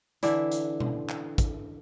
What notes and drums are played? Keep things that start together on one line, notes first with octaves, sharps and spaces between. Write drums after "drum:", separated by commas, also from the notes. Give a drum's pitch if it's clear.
D3 E3 D4 E4, drum: hi-hat
drum: hi-hat
drum: tom B2
drum: clap
drum: kick, hi-hat